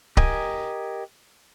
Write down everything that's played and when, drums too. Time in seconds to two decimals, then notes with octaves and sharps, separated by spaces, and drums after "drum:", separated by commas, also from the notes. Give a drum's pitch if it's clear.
0.17 G4 A#4 D#5 G#5, drum: kick C#1